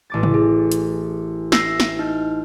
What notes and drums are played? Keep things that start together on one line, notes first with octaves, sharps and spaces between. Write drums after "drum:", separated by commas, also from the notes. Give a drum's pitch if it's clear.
A1 D6 A6
drum: tom C3
G#4
drum: hi-hat
E5 E6 A#6 C7, drum: snare
drum: snare
D#4 F6 G6